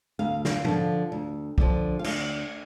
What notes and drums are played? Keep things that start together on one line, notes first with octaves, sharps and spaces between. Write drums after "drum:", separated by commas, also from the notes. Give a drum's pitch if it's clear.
D2 F5
F5, drum: snare
D3 F3, drum: tom
D2
D3 F3, drum: kick
F5
D2 E5, drum: cymbal